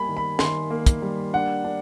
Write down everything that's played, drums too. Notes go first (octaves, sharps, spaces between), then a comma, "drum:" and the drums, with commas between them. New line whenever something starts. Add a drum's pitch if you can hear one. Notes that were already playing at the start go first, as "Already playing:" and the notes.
Already playing: G3 A#3 G#5 B5
D#3
B5
D#3 C6, drum: snare
A#3
drum: kick, hi-hat
G3
D4 F#5
D4